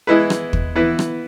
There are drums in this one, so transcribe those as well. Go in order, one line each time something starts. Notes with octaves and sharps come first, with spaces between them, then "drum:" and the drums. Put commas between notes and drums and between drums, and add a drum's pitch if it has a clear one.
E3 G#3 B3 E4 B4
drum: rim click
drum: kick
E3 B3 E4 B4
drum: rim click